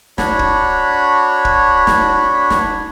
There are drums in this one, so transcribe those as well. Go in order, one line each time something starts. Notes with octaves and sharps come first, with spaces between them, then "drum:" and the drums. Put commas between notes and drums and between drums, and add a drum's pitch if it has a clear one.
D4 F#4 C#5 B5, drum: snare
drum: kick
drum: kick
drum: snare
drum: snare